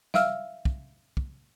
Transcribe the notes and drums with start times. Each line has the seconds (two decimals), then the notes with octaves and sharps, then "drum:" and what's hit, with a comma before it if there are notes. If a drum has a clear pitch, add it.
0.14 E5 F5 E6 F6, drum: snare
0.65 drum: kick
1.17 drum: kick